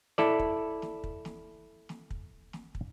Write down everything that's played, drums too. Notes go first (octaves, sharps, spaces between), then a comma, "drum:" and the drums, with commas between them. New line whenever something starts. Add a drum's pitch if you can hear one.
E4 A4 D5, drum: snare
drum: kick
drum: snare
drum: kick
drum: snare
drum: snare
drum: kick
drum: snare
drum: kick